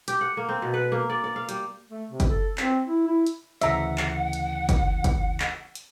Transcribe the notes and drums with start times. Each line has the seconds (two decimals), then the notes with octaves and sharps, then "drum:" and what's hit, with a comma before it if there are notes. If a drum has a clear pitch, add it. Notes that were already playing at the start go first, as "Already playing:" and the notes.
0.08 G4, drum: hi-hat
0.21 F#5
0.37 A#3
0.49 C4
0.62 B2
0.74 B4
0.92 A#3
1.10 D5
1.24 D5
1.36 F5
1.49 G3, drum: hi-hat
1.90 A3
2.10 C3
2.20 drum: kick F#1, hi-hat
2.29 A4
2.58 C4, drum: clap
2.86 E4
3.06 E4
3.26 drum: hi-hat
3.62 D2 C#3 E3 E5 F#5 A#5, drum: hi-hat
3.98 drum: clap
4.33 drum: hi-hat
4.69 drum: kick F#1, hi-hat
5.04 drum: kick F#1, hi-hat
5.40 drum: clap
5.75 drum: hi-hat